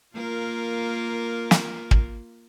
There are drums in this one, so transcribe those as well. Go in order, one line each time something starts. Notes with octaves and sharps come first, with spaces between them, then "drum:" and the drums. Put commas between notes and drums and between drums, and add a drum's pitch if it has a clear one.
A#3 F4 A#4
drum: snare
drum: kick